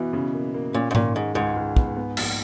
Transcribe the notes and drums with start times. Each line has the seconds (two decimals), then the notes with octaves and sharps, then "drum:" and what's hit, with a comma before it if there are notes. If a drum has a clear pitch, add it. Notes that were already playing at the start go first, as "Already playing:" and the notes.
Already playing: B2 E3
0.13 C#3
0.34 A#3
0.54 A#3
0.74 A#2 C#4
0.91 G#2
0.95 A#2 D#3, drum: tom G#2
1.15 G#2 G#3
1.35 C#2 G#2
1.56 C#2
1.76 B3, drum: kick
1.97 B3
2.17 A#1, drum: cymbal